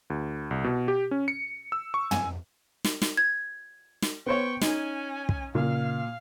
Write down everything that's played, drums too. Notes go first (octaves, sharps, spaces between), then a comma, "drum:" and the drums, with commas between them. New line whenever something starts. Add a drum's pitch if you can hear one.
D2
C2
B2
G4
C#4
C#7
E6
C#6
G#5, drum: tom
drum: snare
drum: snare
G#6
drum: snare
B3 C5 C#5 G5 C#6
C#4 D#4 G#5, drum: snare
drum: kick
A#2 C#3 F5